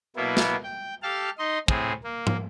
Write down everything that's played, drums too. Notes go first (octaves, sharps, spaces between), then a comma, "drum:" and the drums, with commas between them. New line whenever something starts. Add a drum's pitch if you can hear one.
B2 F#3 A#3 B3 E4
drum: snare
G5
G4 A4 F5 A5 F6
D#4 D#5 C6
A2 C4 G#4, drum: kick
A#3
drum: tom